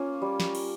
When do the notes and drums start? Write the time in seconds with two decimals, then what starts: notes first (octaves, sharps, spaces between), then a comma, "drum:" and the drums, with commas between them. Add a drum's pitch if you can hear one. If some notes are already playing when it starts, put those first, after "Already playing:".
Already playing: A#3 C#4 F4
0.22 G3
0.40 drum: snare
0.55 drum: cymbal